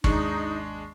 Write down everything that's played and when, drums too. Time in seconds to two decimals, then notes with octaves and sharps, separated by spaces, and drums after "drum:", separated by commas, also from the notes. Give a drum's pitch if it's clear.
0.04 G#1 D#2 G#3 D4 D#4 C#6, drum: kick